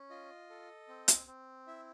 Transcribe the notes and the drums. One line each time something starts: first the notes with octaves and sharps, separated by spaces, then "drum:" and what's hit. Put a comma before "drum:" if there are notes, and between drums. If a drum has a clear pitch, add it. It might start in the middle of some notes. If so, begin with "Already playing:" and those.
Already playing: C#4
F4 D#5
A4
C4
drum: hi-hat
C4
E4 E5